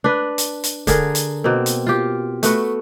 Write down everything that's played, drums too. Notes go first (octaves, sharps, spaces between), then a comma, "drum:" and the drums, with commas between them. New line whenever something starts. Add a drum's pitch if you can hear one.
D4 B4
drum: hi-hat
drum: hi-hat
D3 G#4 A#4, drum: kick C#1, hi-hat
drum: hi-hat
B2 A#3 C4
drum: hi-hat
F4 G4
A3 B3 F#4, drum: hi-hat